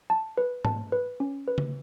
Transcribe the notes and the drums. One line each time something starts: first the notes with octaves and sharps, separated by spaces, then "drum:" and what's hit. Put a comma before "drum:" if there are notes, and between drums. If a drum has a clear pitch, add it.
A5
B4
A5, drum: tom G#2
B4
C#4
B4
drum: tom C#3